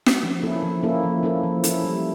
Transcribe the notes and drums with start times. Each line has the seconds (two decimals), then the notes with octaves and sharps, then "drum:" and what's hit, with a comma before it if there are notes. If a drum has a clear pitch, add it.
0.06 drum: snare
0.23 F3
0.43 A#3 C#4 E4 A4
0.63 F3
0.83 A#3 C#4 E4 A4
1.03 F3
1.23 A#3 C#4 E4 A4
1.43 F3
1.64 A#3 C#4 E4 A4, drum: hi-hat
1.84 G3